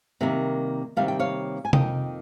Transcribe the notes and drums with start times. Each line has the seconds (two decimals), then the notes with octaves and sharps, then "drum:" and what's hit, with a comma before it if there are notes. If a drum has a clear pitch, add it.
0.21 C3 D#3 G3 A#3
0.97 C3 D#3 G3 A#3 F5
1.08 G5
1.20 C#5 F5
1.65 G#5
1.73 F2 D#3 A#3 D#5 G5, drum: tom C3